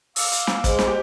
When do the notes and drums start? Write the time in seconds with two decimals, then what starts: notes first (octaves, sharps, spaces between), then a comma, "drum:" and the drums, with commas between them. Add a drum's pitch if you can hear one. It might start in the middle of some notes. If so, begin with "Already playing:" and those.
0.16 F5 D6 E6, drum: open hi-hat
0.32 drum: hi-hat
0.47 drum: snare
0.64 G#3 C5, drum: kick, hi-hat
0.79 drum: snare
0.88 G4